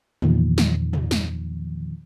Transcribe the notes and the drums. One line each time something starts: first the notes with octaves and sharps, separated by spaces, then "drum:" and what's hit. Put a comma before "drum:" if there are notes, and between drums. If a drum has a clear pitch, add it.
E2 A#2 D#3 F3, drum: tom
drum: snare
drum: tom
drum: snare